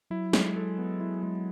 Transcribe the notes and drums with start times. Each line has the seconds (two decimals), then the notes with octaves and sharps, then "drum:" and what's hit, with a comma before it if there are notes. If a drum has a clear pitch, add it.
0.10 F#3 E4
0.33 G#3, drum: snare
0.56 A4
0.78 B3
1.00 E4
1.23 G#3